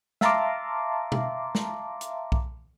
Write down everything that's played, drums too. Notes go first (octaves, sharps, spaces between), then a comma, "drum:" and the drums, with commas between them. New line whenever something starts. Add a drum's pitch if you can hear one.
E5 F5 A5 A#5 C6 D6, drum: snare
drum: tom
drum: snare
drum: hi-hat
drum: kick B1